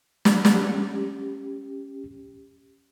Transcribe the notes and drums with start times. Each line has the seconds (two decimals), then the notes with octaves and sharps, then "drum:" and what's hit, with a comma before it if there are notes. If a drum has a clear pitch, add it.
0.25 drum: snare
0.45 drum: snare
0.56 C#4 G4